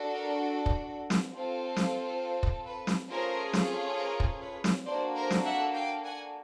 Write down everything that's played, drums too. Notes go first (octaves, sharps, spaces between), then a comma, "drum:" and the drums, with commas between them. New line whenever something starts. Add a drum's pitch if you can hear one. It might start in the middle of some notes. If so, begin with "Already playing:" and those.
Already playing: D4 F#4 A4
A#4
drum: kick
drum: snare
C4 F4 A4
drum: snare
drum: kick
A4 B4
drum: snare
A3 C#4 F4 G#4 A#4 C5
drum: snare
A#4 C5
drum: kick
B4 C#5
drum: snare
A#3 D4 F#4 A4 C5 D5
A#4 C5
drum: snare
E5 F#5
F5 G5
F#5 G#5